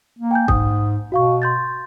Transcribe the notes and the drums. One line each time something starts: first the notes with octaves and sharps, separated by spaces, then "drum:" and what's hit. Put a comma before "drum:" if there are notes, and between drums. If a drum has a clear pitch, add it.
A#3
G5 G#5 G6
G#2 D#6, drum: kick
B2 F#4 F5 C#6
C6 G6 A6